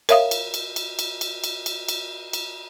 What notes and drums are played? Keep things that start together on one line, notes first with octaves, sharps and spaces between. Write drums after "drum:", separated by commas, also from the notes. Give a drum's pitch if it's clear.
A#4 C#5 E5 F5 D#6, drum: cymbal
drum: cymbal
drum: cymbal
drum: cymbal
drum: cymbal
drum: cymbal
drum: cymbal
drum: cymbal
drum: cymbal
drum: cymbal